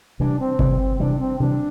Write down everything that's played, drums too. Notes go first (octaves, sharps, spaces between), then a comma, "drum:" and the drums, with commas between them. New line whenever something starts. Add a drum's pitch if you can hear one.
C3 E3 G3 D4
C4
C3 E3 G3, drum: kick G1
C3 E3 G3 D4
C4
C3 E3 G3 D4